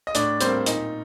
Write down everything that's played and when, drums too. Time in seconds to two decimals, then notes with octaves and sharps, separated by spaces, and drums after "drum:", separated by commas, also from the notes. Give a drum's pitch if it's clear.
0.07 D#5
0.15 A2 D4 D5, drum: hi-hat
0.41 G3 A#3 C4 C5, drum: hi-hat
0.66 A#2 D#4, drum: hi-hat